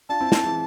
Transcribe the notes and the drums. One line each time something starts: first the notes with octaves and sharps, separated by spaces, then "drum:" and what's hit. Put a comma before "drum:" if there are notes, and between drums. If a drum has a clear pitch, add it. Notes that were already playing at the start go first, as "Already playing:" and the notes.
D4 F4 A5
C4 E4
C4 E4, drum: snare
E3 G#3